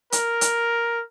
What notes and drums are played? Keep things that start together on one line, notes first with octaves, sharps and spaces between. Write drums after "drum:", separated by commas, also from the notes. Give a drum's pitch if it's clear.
A#4, drum: hi-hat
drum: hi-hat